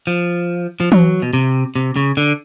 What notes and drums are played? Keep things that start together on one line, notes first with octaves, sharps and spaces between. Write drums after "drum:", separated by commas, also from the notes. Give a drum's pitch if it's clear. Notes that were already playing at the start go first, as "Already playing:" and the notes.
F3
F3
F#3, drum: tom E3
B2
C3
C3
C#3
D3